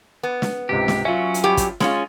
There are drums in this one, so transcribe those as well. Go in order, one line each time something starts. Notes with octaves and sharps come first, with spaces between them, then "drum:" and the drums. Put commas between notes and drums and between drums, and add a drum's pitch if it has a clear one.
B3
drum: snare
C#2 G#2 C3 G4
drum: snare
F#3 C#4 F4 E5
drum: hi-hat
G2 G4 G5
drum: kick, hi-hat
G#3 C#4 F4, drum: snare